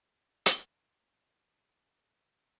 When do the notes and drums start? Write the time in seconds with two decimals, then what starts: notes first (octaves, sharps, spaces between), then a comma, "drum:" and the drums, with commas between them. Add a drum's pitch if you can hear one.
0.46 drum: hi-hat
1.09 C#4 D#4 A#4
1.82 G3 B3
2.01 F#2 A2 A3
2.17 C#4 G4